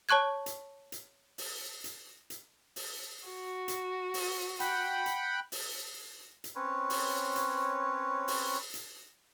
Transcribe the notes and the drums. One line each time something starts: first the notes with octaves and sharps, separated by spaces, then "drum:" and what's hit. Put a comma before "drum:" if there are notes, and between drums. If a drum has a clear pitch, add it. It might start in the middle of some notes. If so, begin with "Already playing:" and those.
C#5 A5 C#6 F#6 G#6
drum: hi-hat
drum: hi-hat
drum: open hi-hat
drum: hi-hat
drum: hi-hat
drum: open hi-hat
F#4
drum: hi-hat
drum: open hi-hat
F#5 G5 B5, drum: hi-hat
drum: hi-hat
drum: open hi-hat
drum: hi-hat
C4 C#4 B4 C#5
drum: open hi-hat
drum: hi-hat
drum: open hi-hat
drum: hi-hat